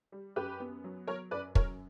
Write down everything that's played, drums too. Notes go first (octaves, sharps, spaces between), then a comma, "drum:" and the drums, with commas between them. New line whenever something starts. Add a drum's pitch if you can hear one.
G3
F#2 G4 B4
B3
F#3
F#3 A#4 C#5
F#2 B4 D5
F#3 A#4 C#5, drum: kick